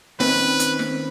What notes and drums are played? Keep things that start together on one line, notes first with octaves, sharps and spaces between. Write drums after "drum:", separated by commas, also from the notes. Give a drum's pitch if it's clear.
D#3 C4 C#4 B4, drum: snare
drum: hi-hat
drum: snare